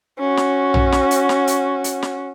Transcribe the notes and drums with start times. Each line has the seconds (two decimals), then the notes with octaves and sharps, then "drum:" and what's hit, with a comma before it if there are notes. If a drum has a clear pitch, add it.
0.19 C#4 F#4
0.37 drum: snare
0.74 drum: tom A#1
0.92 drum: snare
1.11 drum: hi-hat
1.29 drum: snare
1.47 drum: hi-hat
1.84 drum: hi-hat
2.02 drum: snare